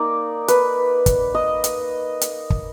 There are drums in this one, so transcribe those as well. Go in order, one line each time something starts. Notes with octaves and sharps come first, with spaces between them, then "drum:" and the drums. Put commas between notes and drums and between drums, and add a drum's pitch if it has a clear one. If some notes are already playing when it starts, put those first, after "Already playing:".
Already playing: A#3 D#4 D5
B4, drum: hi-hat
drum: kick, hi-hat
D#5
drum: hi-hat
drum: hi-hat
drum: kick